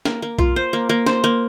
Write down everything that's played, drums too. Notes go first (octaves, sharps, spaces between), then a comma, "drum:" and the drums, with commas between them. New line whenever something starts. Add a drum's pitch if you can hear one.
A#3, drum: snare
A#3
F4, drum: kick B1
C5
A#3
A#3
C5, drum: snare
A#3